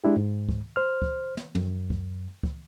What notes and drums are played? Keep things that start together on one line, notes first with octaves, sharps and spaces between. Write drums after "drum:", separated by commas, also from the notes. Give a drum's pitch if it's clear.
G#3 D4 E4 G4
G#2
drum: kick
C5 F6
drum: kick
drum: snare
F#2, drum: tom
drum: kick
drum: kick